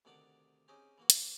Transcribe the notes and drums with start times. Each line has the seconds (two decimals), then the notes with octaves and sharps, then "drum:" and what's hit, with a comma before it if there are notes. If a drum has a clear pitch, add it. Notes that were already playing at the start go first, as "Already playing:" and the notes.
0.05 D2 C3 D#3 D4 F#5 D6
0.68 C4 C#4 D#4 G4 G#4
0.98 E3 A#3 F#4
1.10 drum: hi-hat